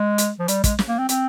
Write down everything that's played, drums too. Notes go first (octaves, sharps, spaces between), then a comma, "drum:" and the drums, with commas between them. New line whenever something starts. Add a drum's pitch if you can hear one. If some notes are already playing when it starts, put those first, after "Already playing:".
Already playing: G#3
drum: hi-hat
F3
G3, drum: hi-hat
G#3, drum: kick, hi-hat
drum: snare
A#3
C4
C4, drum: hi-hat